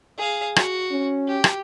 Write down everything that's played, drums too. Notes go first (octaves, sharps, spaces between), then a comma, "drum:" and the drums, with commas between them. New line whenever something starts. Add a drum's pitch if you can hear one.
G#4 F5
F#4, drum: rim click
C#4
G4
drum: rim click